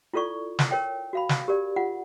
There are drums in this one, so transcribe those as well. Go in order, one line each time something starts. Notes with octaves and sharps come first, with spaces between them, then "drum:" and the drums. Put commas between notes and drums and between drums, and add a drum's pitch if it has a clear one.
E4 F4 A4 D5 C#6
drum: snare
A#4 C#5 G5
F#4 F5 B5
drum: snare
G4 A#4 D5
F4 F#5